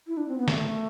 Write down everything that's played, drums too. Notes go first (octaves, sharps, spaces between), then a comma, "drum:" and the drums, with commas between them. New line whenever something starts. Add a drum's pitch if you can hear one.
E4
D4
C4
B3
A3, drum: snare